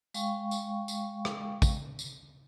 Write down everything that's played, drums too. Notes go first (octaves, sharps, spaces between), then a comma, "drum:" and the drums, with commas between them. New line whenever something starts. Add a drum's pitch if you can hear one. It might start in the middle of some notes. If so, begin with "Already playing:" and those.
G#3 F5 G5 C#6, drum: tambourine
drum: tambourine
drum: tambourine
drum: rim click
drum: kick, tambourine
drum: tambourine